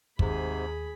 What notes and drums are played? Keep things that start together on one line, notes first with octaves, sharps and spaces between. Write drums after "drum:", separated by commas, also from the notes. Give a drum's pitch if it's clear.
D#2 G#2 C3 G#4 B5, drum: kick